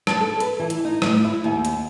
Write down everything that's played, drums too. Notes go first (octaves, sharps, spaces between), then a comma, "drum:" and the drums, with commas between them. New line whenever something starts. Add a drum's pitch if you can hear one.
A5, drum: rim click
A4
B4, drum: hi-hat
E3
drum: hi-hat
D#4
A2, drum: rim click
E4
D#2
drum: hi-hat